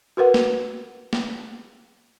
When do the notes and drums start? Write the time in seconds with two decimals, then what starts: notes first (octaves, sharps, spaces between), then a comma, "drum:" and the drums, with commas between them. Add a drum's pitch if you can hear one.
0.17 F#4 A#4 B4 F#5
0.34 drum: snare
1.13 drum: snare